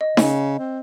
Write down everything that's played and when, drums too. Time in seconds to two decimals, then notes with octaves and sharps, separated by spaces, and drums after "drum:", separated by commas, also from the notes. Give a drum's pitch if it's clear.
0.01 D#5
0.17 C#3, drum: snare D#4
0.58 C4